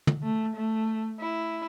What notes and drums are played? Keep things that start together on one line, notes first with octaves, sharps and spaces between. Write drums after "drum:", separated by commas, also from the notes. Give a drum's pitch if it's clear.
drum: tom
A3
A3
E4